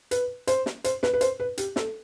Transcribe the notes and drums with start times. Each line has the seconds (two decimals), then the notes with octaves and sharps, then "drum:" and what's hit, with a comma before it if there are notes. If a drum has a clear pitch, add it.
0.11 B4, drum: hi-hat
0.47 C5, drum: hi-hat
0.66 drum: snare
0.84 C5, drum: hi-hat
1.03 B4, drum: snare
1.13 B4
1.21 C5, drum: hi-hat
1.40 B4
1.58 G4, drum: hi-hat
1.76 A4, drum: snare